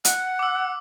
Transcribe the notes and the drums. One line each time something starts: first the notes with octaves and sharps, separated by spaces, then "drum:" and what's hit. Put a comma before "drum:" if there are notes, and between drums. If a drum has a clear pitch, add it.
F#5, drum: hi-hat
D6 E6